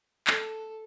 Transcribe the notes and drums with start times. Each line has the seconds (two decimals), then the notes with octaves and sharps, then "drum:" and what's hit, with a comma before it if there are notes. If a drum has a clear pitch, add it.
0.27 A4, drum: clap